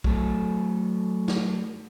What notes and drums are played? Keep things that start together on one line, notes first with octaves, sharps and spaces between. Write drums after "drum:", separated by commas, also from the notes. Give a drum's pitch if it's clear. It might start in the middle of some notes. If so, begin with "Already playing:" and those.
F#3 A3 A4, drum: kick
drum: snare